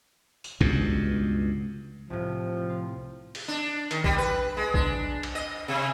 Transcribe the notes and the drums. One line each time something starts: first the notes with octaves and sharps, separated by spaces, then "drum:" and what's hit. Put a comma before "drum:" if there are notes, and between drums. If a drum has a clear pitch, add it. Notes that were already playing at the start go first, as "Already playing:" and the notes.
drum: tambourine
C#2 G2 B2, drum: kick
C2 A2 F3
F4
drum: open hi-hat
D4
D#3, drum: hi-hat
G3, drum: kick
B4
G#3
D4, drum: kick
drum: cymbal
D#5
C3